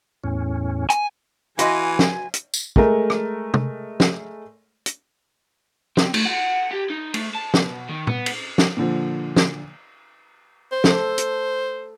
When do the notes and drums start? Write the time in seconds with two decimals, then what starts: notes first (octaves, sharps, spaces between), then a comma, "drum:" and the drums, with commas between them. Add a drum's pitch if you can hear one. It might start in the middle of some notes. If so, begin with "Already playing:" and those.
0.24 E2 A2 C#4
0.90 G#5, drum: hi-hat
1.59 E3 F#4 B4 D#5 F5 G#5 C6, drum: hi-hat
1.99 drum: snare
2.34 drum: hi-hat
2.54 drum: tambourine
2.76 G#3 A3 A#4, drum: kick
3.10 drum: rim click
3.54 drum: tom
4.00 drum: snare
4.86 drum: hi-hat
5.97 C4, drum: snare
6.14 A3, drum: cymbal
6.26 F#5
6.71 G4
6.90 D#4
7.14 A3, drum: cymbal
7.35 A5
7.54 B2, drum: snare
7.89 D#3
8.07 B3, drum: tom A#2
8.26 drum: cymbal
8.58 drum: snare
8.77 A#2 D3 F3
9.36 drum: snare
10.72 C5
10.84 A4, drum: snare
11.18 drum: hi-hat